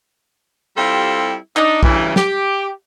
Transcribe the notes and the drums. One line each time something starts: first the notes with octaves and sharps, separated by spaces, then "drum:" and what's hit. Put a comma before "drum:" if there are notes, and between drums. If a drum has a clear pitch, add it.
G3 C4 E4 F4 G4 A4
D4 D#4, drum: clap
D2 G2 C#3 E3, drum: kick
G4, drum: snare